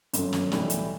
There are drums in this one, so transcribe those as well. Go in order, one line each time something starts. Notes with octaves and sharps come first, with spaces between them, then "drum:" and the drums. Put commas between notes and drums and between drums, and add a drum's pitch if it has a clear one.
G1 F#2 F#3, drum: hi-hat
drum: snare
B1 A2 E3 G3, drum: snare
drum: hi-hat